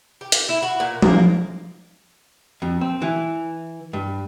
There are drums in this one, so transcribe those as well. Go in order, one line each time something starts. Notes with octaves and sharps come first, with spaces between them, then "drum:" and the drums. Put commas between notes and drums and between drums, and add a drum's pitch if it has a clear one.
G4
drum: hi-hat
E4
F#4
A#2
A#3, drum: tom F3
F2
C4
E3
G2